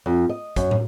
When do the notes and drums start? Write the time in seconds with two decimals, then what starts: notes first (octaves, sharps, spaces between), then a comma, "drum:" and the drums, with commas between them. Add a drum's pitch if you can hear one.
0.06 F2
0.29 D#5
0.56 F#2, drum: kick, hi-hat
0.71 drum: tom